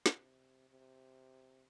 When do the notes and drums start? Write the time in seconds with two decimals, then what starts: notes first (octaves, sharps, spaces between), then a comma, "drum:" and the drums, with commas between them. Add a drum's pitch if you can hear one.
0.06 drum: snare
0.15 C3
0.69 C3